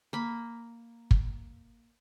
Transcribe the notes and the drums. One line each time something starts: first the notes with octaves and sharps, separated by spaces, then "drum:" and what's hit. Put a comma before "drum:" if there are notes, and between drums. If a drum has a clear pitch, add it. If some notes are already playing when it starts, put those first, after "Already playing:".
A#3 B5
drum: kick